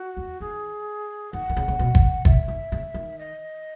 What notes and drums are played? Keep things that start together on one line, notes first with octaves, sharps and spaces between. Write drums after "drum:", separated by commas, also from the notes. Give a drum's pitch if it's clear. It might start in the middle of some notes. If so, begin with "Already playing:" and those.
Already playing: F#4
E2
D#3 G#4
D#3 F#5
D#3
C#3
C#3
B2
drum: kick
B2 E5, drum: kick
D#3
C#3
D#3
D#5